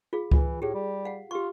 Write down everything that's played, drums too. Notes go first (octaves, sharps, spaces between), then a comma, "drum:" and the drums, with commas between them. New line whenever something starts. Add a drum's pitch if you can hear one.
F4 G#4 F5
E3 F4, drum: kick C#2
A2 G4 G#4
G3
F5 F#5
F4 G4 C#6